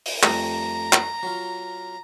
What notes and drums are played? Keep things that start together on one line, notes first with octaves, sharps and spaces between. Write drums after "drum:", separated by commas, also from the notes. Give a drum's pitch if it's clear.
drum: open hi-hat
F2 G3 A3 A#5, drum: clap
drum: clap
F#3 F4